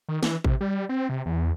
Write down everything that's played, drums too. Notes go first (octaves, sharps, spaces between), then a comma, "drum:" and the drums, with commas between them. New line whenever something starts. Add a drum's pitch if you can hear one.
D#3
E3, drum: snare
C3, drum: kick A1
G3
C4
C3
E2